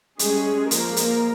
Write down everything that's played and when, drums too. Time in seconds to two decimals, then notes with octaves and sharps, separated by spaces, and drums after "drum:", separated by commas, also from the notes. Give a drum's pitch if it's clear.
0.19 G3 G#3 C#4 G#4, drum: hi-hat
0.71 F3 G#3 A#3 A#4, drum: hi-hat
0.96 drum: hi-hat